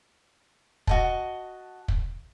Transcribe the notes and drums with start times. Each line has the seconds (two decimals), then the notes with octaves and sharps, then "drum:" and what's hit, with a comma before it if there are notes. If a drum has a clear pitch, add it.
0.87 F#4 D#5 A5, drum: kick
1.88 drum: kick